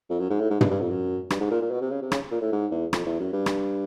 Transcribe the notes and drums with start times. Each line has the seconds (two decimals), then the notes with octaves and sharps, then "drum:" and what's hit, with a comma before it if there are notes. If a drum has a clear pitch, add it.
0.10 F2
0.20 F#2
0.30 G#2
0.40 A2
0.50 G#2
0.61 G2, drum: tom
0.71 G2
0.81 F2
0.90 F#2
1.30 G2, drum: rim click
1.40 G#2
1.51 A#2
1.62 A#2
1.71 B2
1.81 C3
1.91 C#3
2.02 C3
2.12 C#3, drum: rim click
2.31 A#2
2.41 A2
2.52 G#2
2.71 E2
2.93 F2, drum: rim click
3.06 E2
3.20 F#2
3.33 G2
3.46 drum: rim click